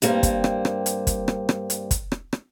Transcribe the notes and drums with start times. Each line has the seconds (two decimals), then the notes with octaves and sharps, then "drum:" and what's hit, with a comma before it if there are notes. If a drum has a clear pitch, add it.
0.02 G2 G3 A#3 C4, drum: hi-hat
0.23 drum: kick, hi-hat
0.44 drum: rim click
0.65 drum: rim click
0.86 drum: hi-hat
1.07 drum: kick, hi-hat
1.28 drum: rim click
1.49 drum: rim click
1.70 drum: hi-hat
1.91 drum: kick, hi-hat
2.12 drum: rim click
2.33 drum: rim click